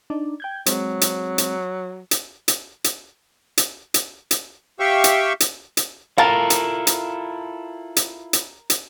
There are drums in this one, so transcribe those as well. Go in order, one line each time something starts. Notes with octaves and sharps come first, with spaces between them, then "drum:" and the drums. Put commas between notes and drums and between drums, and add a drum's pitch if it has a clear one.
D4 D#4 D5
G5 G6 G#6
F#3 G#3 C4, drum: hi-hat
drum: hi-hat
drum: hi-hat
drum: hi-hat
drum: hi-hat
drum: hi-hat
drum: hi-hat
drum: hi-hat
drum: hi-hat
G4 E5 F5 G5 C#6
drum: hi-hat
drum: hi-hat
drum: hi-hat
E4 F4 A4 A#4 F5 A5
drum: hi-hat
drum: hi-hat
drum: hi-hat
drum: hi-hat
drum: hi-hat